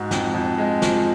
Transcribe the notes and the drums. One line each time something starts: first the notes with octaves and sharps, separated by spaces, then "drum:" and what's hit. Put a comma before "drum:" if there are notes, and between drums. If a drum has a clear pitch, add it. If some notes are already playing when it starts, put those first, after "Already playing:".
Already playing: G#2 F#4
F2, drum: snare
F2
G#3
F3, drum: snare